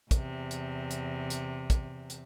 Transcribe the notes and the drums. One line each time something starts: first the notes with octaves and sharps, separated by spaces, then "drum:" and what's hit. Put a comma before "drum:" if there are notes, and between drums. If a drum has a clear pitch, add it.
E2 C3, drum: kick, hi-hat
drum: hi-hat
drum: hi-hat
drum: hi-hat
drum: kick, hi-hat
drum: hi-hat